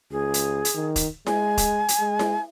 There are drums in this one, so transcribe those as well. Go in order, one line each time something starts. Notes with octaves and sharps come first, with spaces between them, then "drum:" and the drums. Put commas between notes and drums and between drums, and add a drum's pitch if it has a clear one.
C#2 G#4
drum: hi-hat
drum: hi-hat
D#3
drum: kick, hi-hat
G#3 G#5, drum: snare E4
drum: kick, hi-hat
drum: hi-hat
G#3
drum: snare E4